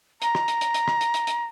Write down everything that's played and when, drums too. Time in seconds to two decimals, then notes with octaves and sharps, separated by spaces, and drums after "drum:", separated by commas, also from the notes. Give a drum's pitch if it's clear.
0.22 A#5, drum: hi-hat
0.35 drum: rim click
0.48 drum: hi-hat
0.61 drum: hi-hat
0.74 drum: hi-hat
0.88 drum: rim click
1.01 drum: hi-hat
1.14 drum: hi-hat
1.27 drum: hi-hat